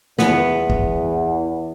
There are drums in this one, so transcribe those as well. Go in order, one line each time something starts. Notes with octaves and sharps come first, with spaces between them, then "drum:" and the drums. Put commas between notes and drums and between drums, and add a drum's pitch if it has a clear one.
E2 B3, drum: snare
drum: kick